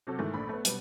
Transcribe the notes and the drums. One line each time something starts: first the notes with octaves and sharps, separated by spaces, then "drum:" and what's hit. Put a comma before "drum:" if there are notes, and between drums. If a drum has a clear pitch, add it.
C3 F#3 F#4 A4
G#2 D#3 E3 A3
A#1 A3 B5
A3 B3
B2 G3 B3, drum: hi-hat